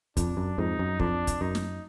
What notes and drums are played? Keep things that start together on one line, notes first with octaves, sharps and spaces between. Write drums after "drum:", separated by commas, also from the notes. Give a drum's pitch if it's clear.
F2 D4, drum: kick, hi-hat
F#2
F2 G#2 D#4
F#2
F2 D4, drum: kick
drum: kick, hi-hat
F#2 D#4
drum: snare